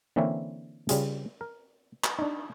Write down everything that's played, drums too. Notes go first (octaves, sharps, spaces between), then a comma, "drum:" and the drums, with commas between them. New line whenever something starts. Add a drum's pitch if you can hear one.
D3 E3 A#3 C4 C#4 E4
C#3 G3 F4 G#4, drum: hi-hat
A#4
drum: clap
D4 D#4